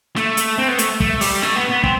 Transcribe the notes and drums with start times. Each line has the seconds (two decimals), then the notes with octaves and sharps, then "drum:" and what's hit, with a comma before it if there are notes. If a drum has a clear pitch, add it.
0.16 A3, drum: snare
0.37 drum: hi-hat
0.58 C4
0.68 B3
0.79 A3, drum: hi-hat
1.00 A3, drum: kick
1.21 G3, drum: open hi-hat
1.42 A3, drum: snare
1.56 B3
1.70 B3
1.84 C4, drum: kick